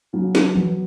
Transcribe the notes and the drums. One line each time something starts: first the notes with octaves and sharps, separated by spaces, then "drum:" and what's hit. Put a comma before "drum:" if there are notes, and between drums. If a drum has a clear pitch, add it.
C#3 F#3
C#3, drum: snare
B3, drum: tom E3